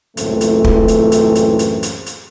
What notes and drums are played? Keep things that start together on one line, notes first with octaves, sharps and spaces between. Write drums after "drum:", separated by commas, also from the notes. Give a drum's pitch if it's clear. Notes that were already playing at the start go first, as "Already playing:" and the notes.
C#2 F#2 A2 E3 A3 C4, drum: hi-hat
drum: hi-hat
drum: kick
drum: hi-hat
drum: hi-hat
drum: hi-hat
drum: hi-hat
drum: hi-hat
drum: hi-hat